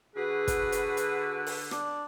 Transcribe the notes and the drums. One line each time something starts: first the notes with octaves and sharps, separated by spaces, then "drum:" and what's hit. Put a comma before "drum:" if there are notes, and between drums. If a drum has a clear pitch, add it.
D3 F#4 G#4 B4
drum: kick, hi-hat
drum: hi-hat
drum: hi-hat
drum: open hi-hat
D4, drum: rim click